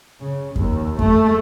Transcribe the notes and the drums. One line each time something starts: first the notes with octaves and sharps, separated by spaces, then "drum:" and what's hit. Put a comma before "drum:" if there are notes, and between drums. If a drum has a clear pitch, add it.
C#3
D#2, drum: kick F2
A3, drum: kick F2